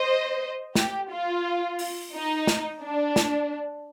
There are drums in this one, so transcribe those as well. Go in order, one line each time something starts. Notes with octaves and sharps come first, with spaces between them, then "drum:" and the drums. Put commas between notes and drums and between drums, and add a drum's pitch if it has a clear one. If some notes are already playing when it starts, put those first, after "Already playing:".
Already playing: C5 D#5
G4, drum: snare
F4
drum: open hi-hat
D#4
drum: snare
D4
drum: snare